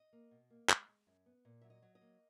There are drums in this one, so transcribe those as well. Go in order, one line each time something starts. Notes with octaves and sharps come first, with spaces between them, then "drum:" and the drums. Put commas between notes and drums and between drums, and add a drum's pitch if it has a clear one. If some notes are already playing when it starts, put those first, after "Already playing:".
Already playing: D#5
A#3
B2
A#3
G#3, drum: clap
G#3
F#2
B3
A#2
F#3 E5
D#5
F#3
D#5
A#3